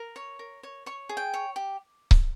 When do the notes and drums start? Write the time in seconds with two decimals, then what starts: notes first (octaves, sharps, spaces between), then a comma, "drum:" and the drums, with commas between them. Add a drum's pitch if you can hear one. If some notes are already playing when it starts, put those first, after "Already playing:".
Already playing: A#4
0.16 C#5
0.39 A#4
0.63 C#5
0.86 C#5 C#6
1.09 G#4
1.17 G5
1.34 C#5
1.56 G4
2.11 drum: kick C#1